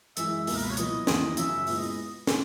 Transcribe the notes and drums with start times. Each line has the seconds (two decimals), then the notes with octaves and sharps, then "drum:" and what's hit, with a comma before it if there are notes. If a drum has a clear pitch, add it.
0.17 F#2 E3 G#3 E5, drum: hi-hat
0.47 C#2 B2 A#3, drum: open hi-hat
0.55 A#4
0.63 B4
0.70 C#5
0.77 A#2 F#3 B3 E4 D#5, drum: hi-hat
1.07 E2 D#3 A#3 E4, drum: snare
1.37 F#2 C#3 F#3 C#4 E5, drum: hi-hat
1.67 A#2 G#3 B3 E4 E5, drum: open hi-hat
1.77 D#5
1.87 D#5
2.27 drum: snare